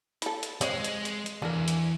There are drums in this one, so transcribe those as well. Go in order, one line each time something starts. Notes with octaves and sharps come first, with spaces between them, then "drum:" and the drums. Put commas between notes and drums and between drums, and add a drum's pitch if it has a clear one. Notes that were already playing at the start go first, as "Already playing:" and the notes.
E4 A4, drum: hi-hat
drum: hi-hat
G#3 C4 C#5 D#5, drum: hi-hat
drum: hi-hat
drum: hi-hat
drum: hi-hat
E2 D3 A#4
drum: hi-hat